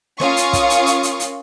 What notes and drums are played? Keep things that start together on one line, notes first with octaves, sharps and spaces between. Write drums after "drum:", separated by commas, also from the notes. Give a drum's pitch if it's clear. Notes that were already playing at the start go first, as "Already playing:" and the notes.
C#4 F4 A#4 F5 C#6 D#6, drum: snare
drum: hi-hat
drum: kick, hi-hat
drum: hi-hat
drum: hi-hat
drum: hi-hat
drum: hi-hat